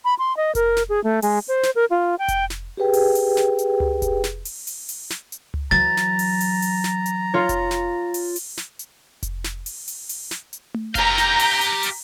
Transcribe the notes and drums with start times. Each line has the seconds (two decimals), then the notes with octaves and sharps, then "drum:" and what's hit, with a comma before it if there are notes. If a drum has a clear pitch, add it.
0.05 B5
0.19 C6
0.37 D#5
0.55 A#4, drum: kick F1, hi-hat
0.77 drum: snare
0.89 G#4
1.04 A3
1.22 G#3, drum: open hi-hat
1.48 C5
1.63 drum: snare
1.76 A#4
1.90 F4
2.19 G5
2.28 drum: kick F1, hi-hat
2.50 drum: snare
2.77 G4 G#4 B4 G5
2.93 drum: open hi-hat
3.15 drum: open hi-hat
3.37 drum: snare
3.59 drum: hi-hat
3.80 drum: tom C#2
4.02 drum: kick F1, hi-hat
4.24 drum: snare
4.45 drum: open hi-hat
4.67 drum: open hi-hat
4.89 drum: open hi-hat
5.10 drum: snare
5.32 drum: hi-hat
5.54 drum: tom C#2
5.71 E3 F#3 A#5 A6
5.97 drum: snare
6.19 drum: open hi-hat
6.41 drum: open hi-hat
6.62 drum: open hi-hat
6.84 drum: snare
7.06 drum: hi-hat
7.34 F4 C#5
7.49 drum: kick F1, hi-hat
7.71 drum: snare
8.14 drum: open hi-hat
8.36 drum: open hi-hat
8.57 drum: snare
8.79 drum: hi-hat
9.23 drum: kick F1, hi-hat
9.44 drum: snare
9.66 drum: open hi-hat
9.88 drum: open hi-hat
10.09 drum: open hi-hat
10.31 drum: snare
10.53 drum: hi-hat
10.74 drum: tom A3
10.95 G4 F5 A#5 G6, drum: kick F1, hi-hat
11.18 drum: snare
11.39 drum: open hi-hat
11.61 drum: open hi-hat
11.83 drum: open hi-hat